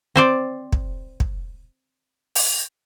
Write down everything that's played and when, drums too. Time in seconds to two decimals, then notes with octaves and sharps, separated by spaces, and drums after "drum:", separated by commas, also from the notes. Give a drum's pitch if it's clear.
0.16 C4 C5 D5
0.73 drum: kick
1.20 drum: kick
2.35 drum: open hi-hat